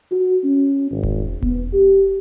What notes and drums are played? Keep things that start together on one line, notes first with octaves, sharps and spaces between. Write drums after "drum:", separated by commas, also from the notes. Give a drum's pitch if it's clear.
F#4
C#4
G#1
drum: kick E1
B3, drum: kick E1
G4